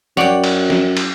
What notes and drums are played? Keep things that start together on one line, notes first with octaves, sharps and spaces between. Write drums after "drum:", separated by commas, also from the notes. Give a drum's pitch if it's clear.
F#2 C#5 D5 F#5 G5, drum: snare
drum: cymbal
drum: snare
drum: cymbal